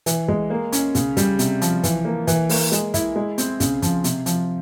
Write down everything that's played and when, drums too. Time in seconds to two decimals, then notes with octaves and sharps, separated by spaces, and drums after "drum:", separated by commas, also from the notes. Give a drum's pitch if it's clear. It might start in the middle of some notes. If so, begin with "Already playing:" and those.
0.06 E3, drum: hi-hat
0.28 G#3, drum: kick
0.50 A#3
0.73 C#4, drum: hi-hat
0.95 C#3, drum: kick, hi-hat
1.17 G3, drum: kick, hi-hat
1.39 C3, drum: hi-hat
1.62 F3, drum: hi-hat
1.84 E3, drum: kick, hi-hat
2.05 A#3
2.27 E3, drum: kick, hi-hat
2.49 A#3, drum: open hi-hat
2.72 G#3, drum: hi-hat
2.94 E4, drum: kick, hi-hat
3.16 G#3
3.38 C4, drum: hi-hat
3.60 C#3, drum: kick, hi-hat
3.82 F3, drum: kick, hi-hat
4.04 C3, drum: hi-hat
4.26 F3, drum: hi-hat